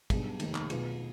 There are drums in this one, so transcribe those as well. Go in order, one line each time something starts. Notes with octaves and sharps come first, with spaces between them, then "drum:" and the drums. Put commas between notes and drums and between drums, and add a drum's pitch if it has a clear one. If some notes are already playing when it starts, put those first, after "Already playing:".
B1 B2 G3 D4 G#4, drum: kick, cymbal
F1 D#2 D#3, drum: cymbal
drum: clap
B1 B2 B3 F4 G#4, drum: cymbal